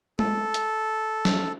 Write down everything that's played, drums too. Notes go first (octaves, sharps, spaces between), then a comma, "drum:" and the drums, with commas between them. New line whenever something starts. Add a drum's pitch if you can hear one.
A4, drum: tom G#3
drum: hi-hat
drum: snare